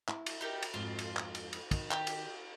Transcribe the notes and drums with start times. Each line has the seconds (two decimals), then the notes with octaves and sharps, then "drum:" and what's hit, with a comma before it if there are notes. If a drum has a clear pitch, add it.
0.08 E4, drum: clap
0.26 drum: cymbal
0.41 D#4 G4 A#4
0.62 drum: cymbal
0.74 F2 G#2 F4
0.99 drum: cymbal
1.17 drum: clap
1.35 drum: cymbal
1.53 drum: cymbal
1.71 D#3, drum: kick, cymbal
1.91 G4, drum: clap
2.07 drum: cymbal